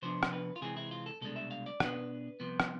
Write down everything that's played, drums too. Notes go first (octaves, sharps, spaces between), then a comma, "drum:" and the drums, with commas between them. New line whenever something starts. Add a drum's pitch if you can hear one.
C3 F3 B3 D4 C5
drum: rim click
B4
F4
C3 E3 G#3 C4 G#4
E4
F4
A4
C2 B2 G#3 D4 A4
E5
F5
D5
B2 B3 D4 B4, drum: rim click
C2 C3 F3 B3
drum: rim click